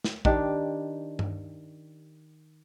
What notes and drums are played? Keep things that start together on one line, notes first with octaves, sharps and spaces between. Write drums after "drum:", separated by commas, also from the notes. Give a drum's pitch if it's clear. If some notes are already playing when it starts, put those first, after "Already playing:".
drum: snare
D#3 D4 G4, drum: kick
drum: tom G2